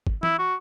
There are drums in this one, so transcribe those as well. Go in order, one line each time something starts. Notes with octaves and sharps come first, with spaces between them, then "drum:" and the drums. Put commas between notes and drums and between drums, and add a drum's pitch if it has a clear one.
drum: kick
E4, drum: tom E3
F#4